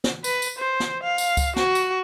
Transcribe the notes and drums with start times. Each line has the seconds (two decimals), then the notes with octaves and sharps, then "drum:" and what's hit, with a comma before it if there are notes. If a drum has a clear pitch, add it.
0.04 drum: snare
0.24 B4, drum: tambourine
0.42 drum: tambourine
0.58 C5
0.80 drum: snare
1.03 F5
1.18 drum: tambourine
1.37 drum: kick C#2, tambourine
1.56 F#4, drum: snare
1.75 drum: tambourine